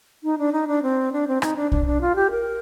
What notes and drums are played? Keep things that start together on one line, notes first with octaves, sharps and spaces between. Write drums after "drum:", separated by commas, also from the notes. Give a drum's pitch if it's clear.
D#4
D4
D#4
D4
C4
D4
C4
D#4, drum: rim click
D4
D4, drum: kick
D4
F4
G4
A#4